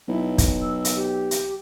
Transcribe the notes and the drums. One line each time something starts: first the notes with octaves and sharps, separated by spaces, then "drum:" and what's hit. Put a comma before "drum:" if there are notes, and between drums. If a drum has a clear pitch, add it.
B1 E4
drum: kick, hi-hat
E6
drum: hi-hat
G4
drum: hi-hat